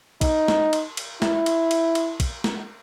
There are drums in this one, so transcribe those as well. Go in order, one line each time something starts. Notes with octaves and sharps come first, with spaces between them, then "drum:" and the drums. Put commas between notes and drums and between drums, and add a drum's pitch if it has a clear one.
D#4, drum: kick, cymbal
drum: snare
drum: cymbal
drum: cymbal
E4, drum: snare
drum: cymbal
drum: cymbal
drum: cymbal
drum: kick, cymbal
drum: snare